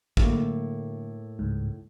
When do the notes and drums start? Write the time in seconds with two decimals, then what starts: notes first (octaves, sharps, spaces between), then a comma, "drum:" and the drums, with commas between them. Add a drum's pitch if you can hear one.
0.17 A2 D3 F#3 A3 A#3, drum: kick
1.39 C#2 G#2